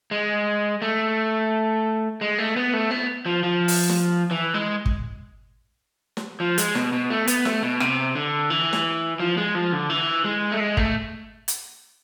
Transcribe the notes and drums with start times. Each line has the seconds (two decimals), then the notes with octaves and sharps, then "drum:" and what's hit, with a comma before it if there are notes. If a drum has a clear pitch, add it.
0.11 G#3
0.82 A3
2.21 G#3
2.38 A3
2.56 B3
2.73 A3
2.91 B3
3.26 F3
3.43 F3
3.68 drum: open hi-hat
3.89 drum: snare
4.31 E3
4.54 G#3
4.86 drum: kick
6.17 drum: snare
6.40 F3
6.58 G#3, drum: hi-hat
6.75 B2, drum: snare
6.93 B2
7.10 A3
7.28 B3, drum: hi-hat
7.45 A3, drum: snare
7.63 B2
7.80 C3, drum: rim click
8.15 D3
8.50 E3
8.73 drum: snare
9.20 F3
9.37 G#3
9.55 F3
9.72 D3
9.90 E3
10.25 G#3
10.51 A3
10.60 G#3
10.77 A3, drum: kick
11.48 drum: hi-hat